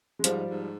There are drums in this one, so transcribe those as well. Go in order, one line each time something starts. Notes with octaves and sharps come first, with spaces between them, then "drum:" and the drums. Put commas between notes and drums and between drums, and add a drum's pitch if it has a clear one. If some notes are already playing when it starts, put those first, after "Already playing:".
G#3
G#2 F3 G3, drum: hi-hat
G#2